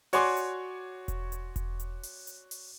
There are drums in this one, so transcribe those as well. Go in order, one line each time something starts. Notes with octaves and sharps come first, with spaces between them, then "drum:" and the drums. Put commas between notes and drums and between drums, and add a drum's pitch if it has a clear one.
F#4 C#5 D5 G#5 C6 D6, drum: open hi-hat
drum: hi-hat
drum: kick E1, hi-hat
drum: hi-hat
drum: kick E1, hi-hat
drum: hi-hat
drum: open hi-hat
drum: hi-hat
drum: open hi-hat